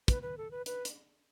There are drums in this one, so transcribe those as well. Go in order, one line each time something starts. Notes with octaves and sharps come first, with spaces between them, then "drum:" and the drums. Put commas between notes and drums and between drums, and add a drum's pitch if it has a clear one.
B4, drum: kick, hi-hat
B4
A4
B4
B4, drum: hi-hat
drum: hi-hat